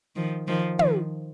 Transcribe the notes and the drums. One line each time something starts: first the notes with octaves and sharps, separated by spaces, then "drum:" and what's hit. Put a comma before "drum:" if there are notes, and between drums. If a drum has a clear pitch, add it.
D#3 F3
D#3 F3
D#3 F3, drum: tom